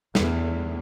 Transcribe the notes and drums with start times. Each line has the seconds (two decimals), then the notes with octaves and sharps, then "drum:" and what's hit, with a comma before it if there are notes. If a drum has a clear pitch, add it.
0.15 E2, drum: snare